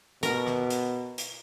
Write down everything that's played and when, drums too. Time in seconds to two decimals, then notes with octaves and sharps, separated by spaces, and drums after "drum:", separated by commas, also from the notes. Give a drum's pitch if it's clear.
0.23 B2 A#4, drum: hi-hat
0.47 drum: rim click
0.70 drum: hi-hat
1.18 drum: hi-hat